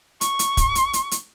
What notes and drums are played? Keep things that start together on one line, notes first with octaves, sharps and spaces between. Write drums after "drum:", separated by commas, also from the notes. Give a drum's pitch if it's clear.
C#6, drum: hi-hat
drum: hi-hat
drum: kick, hi-hat
drum: hi-hat
drum: hi-hat
drum: hi-hat